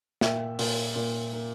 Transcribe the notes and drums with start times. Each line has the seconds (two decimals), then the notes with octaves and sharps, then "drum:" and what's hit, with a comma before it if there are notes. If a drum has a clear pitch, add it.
0.21 A#2 E5 G5, drum: snare
0.59 A#2, drum: open hi-hat
0.96 A#2
1.33 A#3